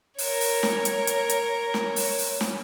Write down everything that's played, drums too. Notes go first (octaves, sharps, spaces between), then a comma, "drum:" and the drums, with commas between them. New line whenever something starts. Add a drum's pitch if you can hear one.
A#4 C#5, drum: open hi-hat
drum: open hi-hat
drum: snare
drum: hi-hat
drum: hi-hat
drum: hi-hat
drum: snare
drum: open hi-hat
drum: open hi-hat
drum: snare